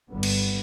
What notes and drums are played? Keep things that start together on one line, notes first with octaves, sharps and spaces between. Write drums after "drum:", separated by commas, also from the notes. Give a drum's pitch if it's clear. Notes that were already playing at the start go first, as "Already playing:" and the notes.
G1 G2 D3 G3 B3
drum: cymbal